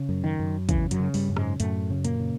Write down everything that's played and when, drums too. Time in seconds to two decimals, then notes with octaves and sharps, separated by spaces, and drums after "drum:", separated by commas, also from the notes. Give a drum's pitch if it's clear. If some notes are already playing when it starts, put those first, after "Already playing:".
Already playing: C#3
0.09 F#2
0.24 D#3
0.39 F#2
0.69 E2 C#3 E3, drum: kick, hi-hat
0.91 F#2 F#3, drum: hi-hat
1.00 C#3
1.14 G2 G3, drum: open hi-hat
1.29 F#2
1.37 G#2 G#3, drum: rim click
1.60 F#2 A2 A3, drum: hi-hat
1.90 C#3
2.05 A#2 A#3, drum: hi-hat
2.20 C#3